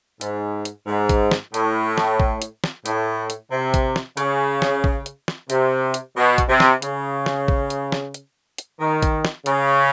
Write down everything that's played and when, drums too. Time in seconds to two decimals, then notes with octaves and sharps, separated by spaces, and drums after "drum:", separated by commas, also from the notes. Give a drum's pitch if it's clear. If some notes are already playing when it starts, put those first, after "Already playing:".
0.21 G#2, drum: hi-hat
0.65 drum: hi-hat
0.87 G#2
1.09 drum: kick A1, hi-hat
1.31 drum: snare
1.54 A2, drum: hi-hat
1.98 drum: snare
2.20 drum: kick A1
2.42 drum: hi-hat
2.64 drum: snare
2.86 A2, drum: hi-hat
3.30 drum: hi-hat
3.51 C3
3.74 drum: kick A1, hi-hat
3.96 drum: snare
4.17 C#3, drum: hi-hat
4.62 drum: snare
4.84 drum: kick A1
5.06 drum: hi-hat
5.28 drum: snare
5.50 C3, drum: hi-hat
5.94 drum: hi-hat
6.17 B2
6.38 drum: kick A1, hi-hat
6.49 C3
6.60 drum: snare
6.82 C#3, drum: hi-hat
7.26 drum: snare
7.48 drum: kick A1
7.70 drum: hi-hat
7.92 drum: snare
8.14 drum: hi-hat
8.58 drum: hi-hat
8.80 D#3
9.03 drum: kick A1, hi-hat
9.25 drum: snare
9.46 C#3, drum: hi-hat